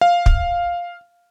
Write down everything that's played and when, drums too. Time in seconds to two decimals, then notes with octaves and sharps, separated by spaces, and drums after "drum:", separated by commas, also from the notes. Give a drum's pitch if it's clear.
0.01 F5
0.26 drum: kick